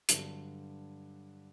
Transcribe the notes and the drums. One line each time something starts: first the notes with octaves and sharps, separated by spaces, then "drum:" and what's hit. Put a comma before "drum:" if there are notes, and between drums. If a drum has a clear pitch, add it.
G2 D3 F#3, drum: hi-hat